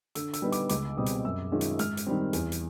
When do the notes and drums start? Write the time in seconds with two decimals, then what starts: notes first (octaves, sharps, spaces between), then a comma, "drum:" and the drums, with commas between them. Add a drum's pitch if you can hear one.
0.15 D3 E6, drum: hi-hat
0.33 E6, drum: hi-hat
0.42 G3 B3 D#4
0.52 D6, drum: hi-hat
0.69 C#2 D6, drum: hi-hat
0.97 B2 G3 C4 D#6
1.06 drum: hi-hat
1.25 F#2 E6
1.52 D#3 G#3 C#4 F4
1.61 drum: hi-hat
1.79 G#2 F6, drum: hi-hat
1.97 drum: hi-hat
2.07 D#3 G3 C4
2.33 E2, drum: hi-hat
2.52 drum: hi-hat